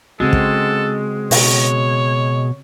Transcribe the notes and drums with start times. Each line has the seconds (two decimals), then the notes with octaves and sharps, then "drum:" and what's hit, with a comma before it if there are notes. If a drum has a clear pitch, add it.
0.20 C#3 G#3 C4 F#4 A4
0.33 drum: kick
1.31 B2 C#5, drum: open hi-hat